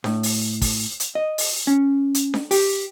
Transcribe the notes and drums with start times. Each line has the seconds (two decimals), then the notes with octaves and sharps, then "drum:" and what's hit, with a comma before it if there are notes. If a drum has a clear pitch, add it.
0.04 A2, drum: snare D4
0.23 drum: open hi-hat
0.61 drum: kick, open hi-hat
1.00 drum: hi-hat
1.15 D#5
1.38 drum: open hi-hat
1.67 C#4
2.14 drum: hi-hat
2.34 drum: snare D4
2.51 G4, drum: open hi-hat